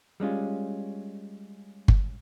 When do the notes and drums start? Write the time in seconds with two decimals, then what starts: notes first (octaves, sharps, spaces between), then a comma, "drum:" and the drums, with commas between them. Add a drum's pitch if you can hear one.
0.20 G3 G#3 C#4 F4
1.88 drum: kick G1